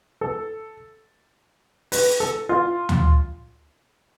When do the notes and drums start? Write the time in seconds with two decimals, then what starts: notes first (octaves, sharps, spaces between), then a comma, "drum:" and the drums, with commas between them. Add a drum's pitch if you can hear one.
0.21 A4
1.92 B4, drum: open hi-hat
2.20 A4
2.49 F4
2.89 drum: tom D2